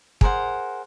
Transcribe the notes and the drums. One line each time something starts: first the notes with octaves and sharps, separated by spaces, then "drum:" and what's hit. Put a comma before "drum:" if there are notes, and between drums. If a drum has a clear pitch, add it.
G#4 A#4 C5 F#5, drum: kick